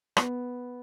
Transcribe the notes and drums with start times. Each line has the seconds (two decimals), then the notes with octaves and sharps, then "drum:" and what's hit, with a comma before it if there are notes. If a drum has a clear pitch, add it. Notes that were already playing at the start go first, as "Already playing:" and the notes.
0.17 B3, drum: rim click